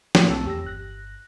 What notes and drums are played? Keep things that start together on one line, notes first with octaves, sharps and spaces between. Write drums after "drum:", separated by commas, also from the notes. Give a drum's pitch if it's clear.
A2 E3 F3 A3 A#3 F4, drum: snare
B1 C4 C#5 A5 E6
E2 G4 E6 A#6
G1 F#6 A#6